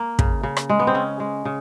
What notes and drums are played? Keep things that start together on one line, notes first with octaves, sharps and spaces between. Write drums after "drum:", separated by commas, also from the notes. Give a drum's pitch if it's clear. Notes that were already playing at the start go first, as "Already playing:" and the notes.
Already playing: A#3
C#3, drum: kick
C#3
drum: rim click
G#3
B3
C4
C#3 C#4
G#3
C#3